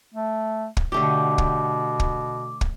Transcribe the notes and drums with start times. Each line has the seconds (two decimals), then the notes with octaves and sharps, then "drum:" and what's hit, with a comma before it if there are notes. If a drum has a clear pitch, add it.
0.14 A3
0.77 drum: kick
0.92 B2 D3 A3 G4 D6
1.38 drum: kick
2.00 drum: kick
2.61 drum: kick